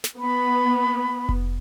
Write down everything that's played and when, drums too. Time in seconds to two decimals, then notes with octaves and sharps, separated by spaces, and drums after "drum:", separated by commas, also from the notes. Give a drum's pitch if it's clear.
0.04 drum: snare
0.19 B3 B5
1.29 drum: kick F1